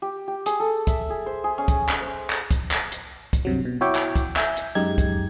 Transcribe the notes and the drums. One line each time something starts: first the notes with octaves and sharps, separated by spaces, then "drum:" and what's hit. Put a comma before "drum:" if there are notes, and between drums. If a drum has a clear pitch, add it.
G4
G4
G#4, drum: hi-hat
A4
E5, drum: kick, hi-hat
G#4
C5
G#4
C#4
drum: kick, hi-hat
drum: clap
C5
drum: clap
drum: kick, hi-hat
drum: clap
drum: hi-hat
drum: kick, hi-hat
G2 C3 F#3
B2
E4 F#4 C#5 E5 G5 D6
drum: clap
drum: kick, hi-hat
E5 G#5 G6, drum: clap
drum: hi-hat
F#2 G#3 D#4 G4 G#6
drum: kick, hi-hat